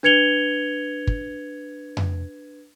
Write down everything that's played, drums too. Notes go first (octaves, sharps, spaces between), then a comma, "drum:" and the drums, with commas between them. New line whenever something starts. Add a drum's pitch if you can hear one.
D4 B4 G#6 C#7 F7 G7
drum: kick
drum: tom F2